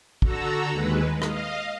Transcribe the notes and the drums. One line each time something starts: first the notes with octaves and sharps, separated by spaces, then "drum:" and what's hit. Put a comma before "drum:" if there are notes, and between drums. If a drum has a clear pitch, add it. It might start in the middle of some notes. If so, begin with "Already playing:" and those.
D3 F#4 A4 A#5 E6, drum: kick
D#2 G#3 B4
D#5 F5, drum: rim click